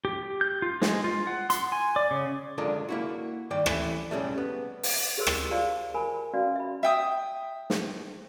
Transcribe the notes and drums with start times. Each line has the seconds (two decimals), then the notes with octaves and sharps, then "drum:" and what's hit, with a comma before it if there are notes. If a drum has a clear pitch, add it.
0.05 G4
0.41 G6
0.62 F4
0.82 G#3, drum: snare
1.04 F4
1.27 F#5
1.50 C6, drum: hi-hat
1.72 G#5
1.96 D5
2.11 C#3
2.58 D3 G#3 D4 F4 A4 A#4
2.89 A#3 E4 F#4
3.50 G2 D#3 D5 G5
3.66 E3 A3 E4, drum: rim click
4.11 B1 C#3 G3 A3
4.38 B3
4.83 drum: open hi-hat
5.18 G4 G#4 A#4 C5 C6 E6
5.27 drum: rim click
5.51 F4 C5 D5 F5 A5
5.94 A#4 G#5 A5 B5
6.34 C#4 F#4 B4 D5 F5
6.56 E5 B5
6.83 E5 G5 D#6
7.70 drum: snare